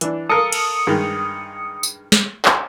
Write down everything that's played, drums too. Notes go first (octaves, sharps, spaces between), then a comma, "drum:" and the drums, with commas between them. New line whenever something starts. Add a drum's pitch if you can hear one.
E3 D4, drum: hi-hat
A4 A#4 F5 D#6 C#7
drum: cymbal
G2 D#3 G#3
drum: tambourine
drum: snare
drum: clap